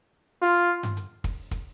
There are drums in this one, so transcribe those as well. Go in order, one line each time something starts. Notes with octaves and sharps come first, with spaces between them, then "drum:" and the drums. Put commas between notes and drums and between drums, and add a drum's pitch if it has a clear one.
F4
drum: tom G2
drum: hi-hat
drum: kick, hi-hat
drum: kick, hi-hat